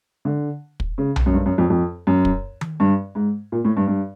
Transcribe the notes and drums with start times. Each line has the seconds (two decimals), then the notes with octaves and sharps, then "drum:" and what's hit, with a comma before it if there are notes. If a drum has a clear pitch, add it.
0.25 D3
0.80 drum: kick
0.98 C#3
1.16 drum: tom B1
1.26 F#2
1.34 G2
1.46 F#2
1.58 F2
1.70 F2
2.07 F#2
2.25 drum: kick
2.61 drum: tom D#3
2.80 G2
3.15 G#2
3.52 A#2
3.65 A2
3.77 G2
3.88 G2